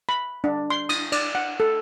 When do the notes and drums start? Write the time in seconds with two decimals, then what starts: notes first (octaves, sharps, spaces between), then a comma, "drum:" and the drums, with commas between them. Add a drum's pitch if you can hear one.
0.09 B5
0.44 D4
0.70 C6
0.89 D#6, drum: cymbal
1.12 D5, drum: cymbal
1.35 F#5
1.60 A4